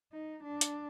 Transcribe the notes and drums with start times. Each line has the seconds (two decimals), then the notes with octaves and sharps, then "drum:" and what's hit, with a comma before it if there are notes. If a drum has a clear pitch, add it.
0.13 D#4
0.44 D4
0.61 drum: hi-hat